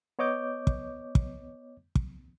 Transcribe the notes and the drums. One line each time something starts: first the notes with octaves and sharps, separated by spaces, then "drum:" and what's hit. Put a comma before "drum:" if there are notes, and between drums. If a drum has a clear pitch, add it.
B3 C#5 D#5 D6 G6
drum: kick
drum: kick
drum: kick